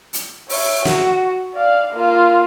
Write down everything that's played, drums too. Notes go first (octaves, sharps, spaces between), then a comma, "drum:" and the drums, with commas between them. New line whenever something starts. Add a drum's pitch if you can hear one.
drum: hi-hat
C#5 E5, drum: open hi-hat
F#4, drum: snare
D5 F5
A#3 F4